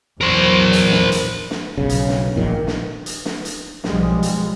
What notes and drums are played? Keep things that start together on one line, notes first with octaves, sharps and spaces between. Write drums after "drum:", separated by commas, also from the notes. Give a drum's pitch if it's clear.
E2 F#3 A#4 C5
drum: hi-hat
drum: snare
drum: hi-hat
drum: snare
B1 C#3
drum: hi-hat
drum: snare
A#1 A#2 D#3
drum: snare
drum: hi-hat
drum: snare
drum: hi-hat
B1 F3 G3 G#3, drum: snare
drum: hi-hat